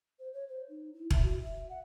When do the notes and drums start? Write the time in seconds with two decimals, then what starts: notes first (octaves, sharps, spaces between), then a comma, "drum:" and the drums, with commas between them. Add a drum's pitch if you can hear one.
0.19 C5
0.33 C#5
0.48 C5
0.68 D#4
0.93 E4
1.10 E5, drum: kick E1
1.22 F#4
1.42 E5
1.69 F#5